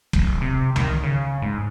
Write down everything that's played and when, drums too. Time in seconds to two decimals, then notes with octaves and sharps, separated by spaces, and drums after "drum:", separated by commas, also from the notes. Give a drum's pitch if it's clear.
0.13 D1, drum: kick
0.41 C3
0.76 D#3, drum: tom C#2
1.03 C#3
1.42 G#2